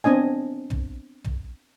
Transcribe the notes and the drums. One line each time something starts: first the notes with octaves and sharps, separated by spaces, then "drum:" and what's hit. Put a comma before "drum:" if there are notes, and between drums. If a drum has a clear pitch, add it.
B3 C4 D4 D#5 G#5
drum: tom
drum: tom